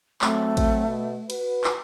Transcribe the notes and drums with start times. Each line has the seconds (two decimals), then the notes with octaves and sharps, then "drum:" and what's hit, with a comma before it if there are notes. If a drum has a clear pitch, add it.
0.21 F#3 A3 C4, drum: clap
0.57 drum: kick A1, cymbal
0.85 B2
1.30 F#4 B4, drum: cymbal
1.64 drum: clap